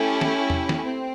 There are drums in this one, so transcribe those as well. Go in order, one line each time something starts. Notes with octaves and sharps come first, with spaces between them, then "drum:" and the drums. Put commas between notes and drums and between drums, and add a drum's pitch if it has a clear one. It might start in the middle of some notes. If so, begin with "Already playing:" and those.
Already playing: A3 C#4 E4 G4
drum: snare
drum: tom E2
drum: snare
C4